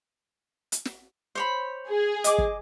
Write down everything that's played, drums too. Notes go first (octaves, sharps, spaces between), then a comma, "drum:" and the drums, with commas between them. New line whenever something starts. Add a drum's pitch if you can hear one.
drum: hi-hat
drum: snare
C5 C#5 B5
G#4
D#5 D6, drum: hi-hat
drum: kick